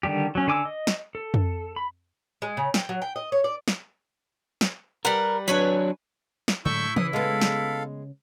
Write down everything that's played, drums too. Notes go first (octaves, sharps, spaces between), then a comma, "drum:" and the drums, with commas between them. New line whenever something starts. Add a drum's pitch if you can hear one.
D3 D#3 G3 G4
F#3 C#4
D3 G#5 D6 E6
D#5
drum: snare
A4
drum: tom F2
B5
G#3
C#3
G5, drum: snare
F#3
G5
D#5
C#5
D5
drum: snare
drum: snare
G3 A#4 B4 F#5
F#3 D4 B4 C#5 G#5
drum: snare
A2 D3 F#3 G#3 E4 C#6 E6 G6
C#3 E3 D#6, drum: tom E3
G#3 B3 A4 F5
drum: snare